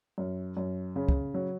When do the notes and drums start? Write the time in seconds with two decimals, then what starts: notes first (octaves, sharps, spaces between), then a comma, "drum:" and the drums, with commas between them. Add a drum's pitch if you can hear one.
0.18 F#2
0.57 F#2
0.96 C#3
1.09 drum: kick
1.34 F#3